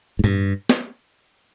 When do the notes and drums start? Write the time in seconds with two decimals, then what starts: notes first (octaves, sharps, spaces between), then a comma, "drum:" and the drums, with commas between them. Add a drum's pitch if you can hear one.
0.19 G#2
0.24 G2, drum: tom A2
0.69 drum: snare